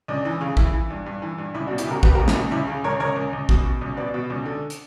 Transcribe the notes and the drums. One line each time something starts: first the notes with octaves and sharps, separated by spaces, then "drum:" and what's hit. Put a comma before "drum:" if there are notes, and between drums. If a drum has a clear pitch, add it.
C#2 D4
E3
C#3
E3 E4, drum: kick
E3
G2
G2
E3
G2
C#2 E4
D4 F#4
B2
E4 G4, drum: hi-hat
C#2 F#4 A#4
B2 G4 B4, drum: kick
F#4 A#4
C#2
E4, drum: snare
C#2
C#2 E4
C#3
C#2 A#4 C#5
C#2 A#4 C#5
C#2
C#2
B2, drum: kick
B2
C#2
B2 B4 D5
B2
C#2
D3
drum: hi-hat